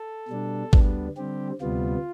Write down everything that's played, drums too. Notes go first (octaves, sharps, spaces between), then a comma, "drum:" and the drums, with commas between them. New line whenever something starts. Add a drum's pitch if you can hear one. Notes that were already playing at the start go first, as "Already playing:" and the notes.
Already playing: A4
B2 G3 D4
D2 D3 G3 B3 D4, drum: kick G#1
D3 G3 C4 G4
D2 C3 G3 B3 F4